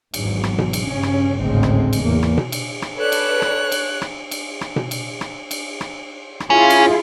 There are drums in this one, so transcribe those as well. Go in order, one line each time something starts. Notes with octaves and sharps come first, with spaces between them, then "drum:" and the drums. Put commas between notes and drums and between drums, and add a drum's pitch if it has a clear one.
G#1 E2 G#2 F#3, drum: cymbal
drum: rim click
drum: tom B2
drum: cymbal
G2 C#3 C#4
drum: rim click
G#1 D2 A2 C#3 G#3 C4
drum: rim click
drum: cymbal
E2 A#3
drum: rim click
drum: tom B2
drum: cymbal
drum: rim click
A4 B4 C#5 D5 F#6
drum: cymbal
drum: rim click
drum: cymbal
drum: rim click
drum: cymbal
drum: rim click
drum: tom B2
drum: cymbal
drum: rim click
drum: cymbal
drum: rim click
drum: rim click
C#4 E4 F4 G#4
drum: cymbal